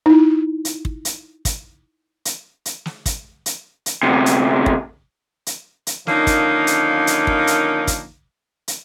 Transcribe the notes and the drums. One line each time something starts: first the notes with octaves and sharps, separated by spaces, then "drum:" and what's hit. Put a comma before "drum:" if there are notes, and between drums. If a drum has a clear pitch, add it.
D#4 E4
drum: hi-hat
drum: kick
drum: hi-hat
drum: kick, hi-hat
drum: hi-hat
drum: hi-hat
drum: snare
drum: kick, hi-hat
drum: hi-hat
drum: hi-hat
D2 C3
drum: hi-hat
drum: kick
drum: hi-hat
drum: hi-hat
D3 D#3 F3 A#3 C#4 D#4, drum: snare
drum: kick, hi-hat
drum: hi-hat
drum: hi-hat
drum: kick
drum: hi-hat
drum: kick, hi-hat
drum: hi-hat